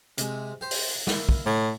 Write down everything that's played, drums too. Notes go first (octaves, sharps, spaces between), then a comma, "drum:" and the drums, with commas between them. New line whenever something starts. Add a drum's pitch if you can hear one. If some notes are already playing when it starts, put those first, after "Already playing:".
C3 G#3, drum: hi-hat
G4 C5
drum: open hi-hat
A#3 E4, drum: snare
drum: kick
A2 C#6